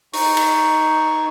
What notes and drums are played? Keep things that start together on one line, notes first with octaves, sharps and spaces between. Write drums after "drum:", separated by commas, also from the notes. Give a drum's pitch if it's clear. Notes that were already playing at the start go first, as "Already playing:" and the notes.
D#4 C#6, drum: open hi-hat
drum: cymbal